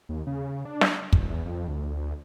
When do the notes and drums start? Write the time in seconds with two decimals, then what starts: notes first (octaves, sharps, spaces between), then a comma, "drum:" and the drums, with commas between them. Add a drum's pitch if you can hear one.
0.09 D#2
0.27 C#3
0.65 D4
0.81 drum: snare
1.13 D#1, drum: kick
1.30 E2
1.45 F2
1.68 D2
1.89 D2